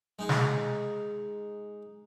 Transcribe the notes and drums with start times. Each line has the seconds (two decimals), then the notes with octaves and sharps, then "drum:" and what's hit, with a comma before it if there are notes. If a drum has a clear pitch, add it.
0.19 G#3 D#4 G#4
0.29 drum: snare